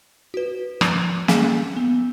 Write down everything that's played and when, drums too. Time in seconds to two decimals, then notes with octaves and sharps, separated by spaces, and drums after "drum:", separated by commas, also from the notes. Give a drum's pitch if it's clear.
0.34 F#4 B4
0.81 F3, drum: rim click
1.28 A#3 C#4 G#4, drum: snare
1.77 B3